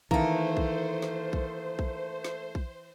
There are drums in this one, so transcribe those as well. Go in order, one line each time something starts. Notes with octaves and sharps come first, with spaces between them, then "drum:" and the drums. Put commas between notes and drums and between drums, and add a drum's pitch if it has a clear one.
D#3 E3 A3 A#3 C5 A#5, drum: kick A#1
drum: kick A#1
drum: snare
drum: kick A#1
drum: kick A#1
drum: snare
drum: kick A#1